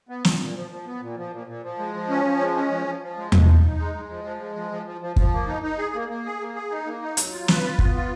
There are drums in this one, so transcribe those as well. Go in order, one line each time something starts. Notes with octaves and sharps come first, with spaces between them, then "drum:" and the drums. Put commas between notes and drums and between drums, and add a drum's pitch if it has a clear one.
B3
A#2, drum: snare
A#2
F3
F3
B3
A#2
F3
A#2
A#2
F3
G#3
F3
C#4
F3
G#3
C#4
F3
F3
F3
G#3
F3, drum: tom E2
D#4
D#4
G#3
G#3
F3
F3
G#3
F3
F3
F3
F3
F3, drum: kick
A#3
D#4
D#4
G#4
A#3
A#3
G#4
A#3
G#4
D#4
A#3
D#4
F#3, drum: hi-hat
F4
B4, drum: snare
F4
B3, drum: kick
F4